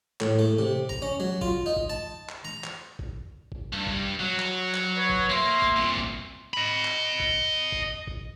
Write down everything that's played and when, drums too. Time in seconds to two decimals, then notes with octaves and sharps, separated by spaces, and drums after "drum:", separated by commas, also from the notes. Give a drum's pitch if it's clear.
0.21 A2, drum: clap
0.39 A3
0.59 C3
0.89 A#5, drum: kick A1
1.02 C#4
1.20 F#3
1.41 F4, drum: kick A1
1.66 D#4
1.76 drum: kick A1
1.90 A5
2.29 drum: clap
2.45 A#5
2.64 drum: clap
2.99 drum: kick A1
3.52 drum: kick A1
3.73 G2
3.87 drum: kick A1
4.20 F#3
4.39 drum: clap
4.74 drum: clap
4.96 B4 C#5
5.09 drum: kick A1
5.30 A#3 E5 C6
5.62 drum: kick A1
5.76 C2 A#2
5.97 drum: kick A1
6.54 D#5 B5
6.85 drum: clap
7.20 drum: kick A1
7.72 drum: kick A1
8.07 drum: kick A1